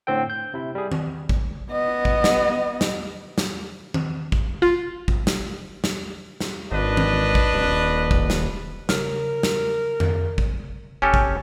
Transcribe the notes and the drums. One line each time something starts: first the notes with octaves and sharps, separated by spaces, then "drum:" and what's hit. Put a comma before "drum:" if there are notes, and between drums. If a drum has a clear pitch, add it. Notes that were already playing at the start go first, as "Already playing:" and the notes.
A2 D3 C4 A4 G5
G6
C3 E4
G3 G#4
drum: tom D#3
drum: kick A1
B3 D#5
drum: kick A1
drum: snare
drum: snare
drum: snare
drum: tom D#3
drum: kick A1
F4
drum: kick A1
drum: snare
drum: snare
drum: snare
G#1 D4 B4 D#5
drum: tom D#3
drum: kick A1
D#1
drum: kick A1
drum: snare
C#3 A#4, drum: snare
drum: snare
drum: tom F2
drum: kick A1
F1 C#4 G4 A4 G#5 F6
drum: kick A1